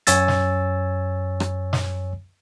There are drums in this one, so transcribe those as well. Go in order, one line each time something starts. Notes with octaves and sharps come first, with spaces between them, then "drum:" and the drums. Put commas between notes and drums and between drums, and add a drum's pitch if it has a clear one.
F#2 C#5 G#5 E6 A6, drum: hi-hat
drum: snare
drum: rim click
drum: snare